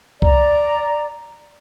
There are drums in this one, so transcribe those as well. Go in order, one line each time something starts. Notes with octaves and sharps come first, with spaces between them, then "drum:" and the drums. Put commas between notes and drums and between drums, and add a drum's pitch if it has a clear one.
D5 A#5, drum: kick C2